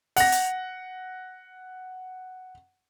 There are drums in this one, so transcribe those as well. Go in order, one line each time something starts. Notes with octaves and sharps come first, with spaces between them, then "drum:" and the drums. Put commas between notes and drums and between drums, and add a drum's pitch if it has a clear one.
F#5 A#6, drum: open hi-hat
drum: hi-hat